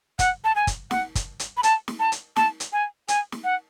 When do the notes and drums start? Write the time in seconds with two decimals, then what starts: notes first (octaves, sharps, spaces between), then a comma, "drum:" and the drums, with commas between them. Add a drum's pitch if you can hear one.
0.19 F#5, drum: kick, hi-hat
0.44 A5
0.56 G#5
0.67 drum: kick, hi-hat
0.91 F#5, drum: snare
1.15 drum: kick, hi-hat
1.40 drum: hi-hat
1.57 B5
1.63 A5, drum: hi-hat
1.88 drum: snare
2.00 A5
2.12 drum: hi-hat
2.36 A5, drum: snare
2.60 drum: hi-hat
2.73 G#5
3.08 G#5, drum: hi-hat
3.32 drum: snare
3.44 F#5